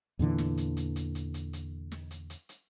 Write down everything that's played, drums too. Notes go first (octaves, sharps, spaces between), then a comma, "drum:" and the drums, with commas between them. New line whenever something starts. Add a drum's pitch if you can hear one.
E2 A#2 D3 E3
drum: snare
drum: hi-hat
drum: hi-hat
drum: hi-hat
drum: hi-hat
drum: hi-hat
drum: hi-hat
drum: snare
drum: hi-hat
drum: hi-hat
drum: hi-hat